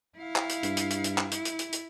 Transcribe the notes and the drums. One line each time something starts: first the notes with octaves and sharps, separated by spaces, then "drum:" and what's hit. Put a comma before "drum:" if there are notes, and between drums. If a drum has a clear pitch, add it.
E4 F5
drum: clap
drum: hi-hat
G2, drum: hi-hat
drum: hi-hat
drum: hi-hat
drum: hi-hat
drum: clap
E4, drum: hi-hat
drum: hi-hat
drum: hi-hat
drum: hi-hat